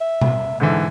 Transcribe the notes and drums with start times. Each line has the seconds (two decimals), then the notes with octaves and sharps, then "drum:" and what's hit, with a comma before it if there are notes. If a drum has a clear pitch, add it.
0.01 E5
0.21 drum: tom B2
0.60 G#2 D3 E3 A4